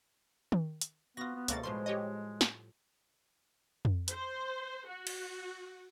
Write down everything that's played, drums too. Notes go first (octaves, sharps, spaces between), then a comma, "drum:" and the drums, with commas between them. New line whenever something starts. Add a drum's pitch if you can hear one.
drum: tom D#3
drum: hi-hat
B3 F4 F#4 A#6
B3
C#2 B2 A3 A#3 F#4 A6, drum: hi-hat
A2 F3 G3 G#3 C6
G4 C#5 D#5
drum: snare
drum: tom F2
C5, drum: hi-hat
F#4
drum: cymbal